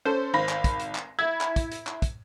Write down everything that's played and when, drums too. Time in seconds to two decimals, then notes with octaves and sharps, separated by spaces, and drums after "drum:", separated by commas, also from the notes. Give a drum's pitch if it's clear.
0.05 C#4 A4 C5
0.34 G#1 B5 A#6
0.49 drum: clap
0.64 drum: kick, hi-hat
0.80 drum: hi-hat
0.95 drum: clap
1.19 E4 G#6
1.41 drum: clap
1.56 drum: kick, hi-hat
1.72 drum: hi-hat
1.87 drum: clap
2.02 drum: kick, hi-hat